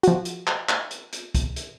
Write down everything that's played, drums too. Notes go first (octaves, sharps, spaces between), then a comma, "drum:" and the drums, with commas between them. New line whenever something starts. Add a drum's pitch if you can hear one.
F3 F#4, drum: hi-hat
drum: hi-hat
drum: clap
drum: clap
drum: hi-hat
drum: hi-hat
drum: kick, hi-hat
drum: hi-hat